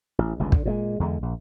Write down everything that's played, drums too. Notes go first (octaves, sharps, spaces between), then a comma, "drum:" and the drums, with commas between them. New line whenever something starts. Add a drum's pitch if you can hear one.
A1
G1 C#2 G2
D3, drum: kick
A#2 G3 G#3
E2 D3 G#3
A#1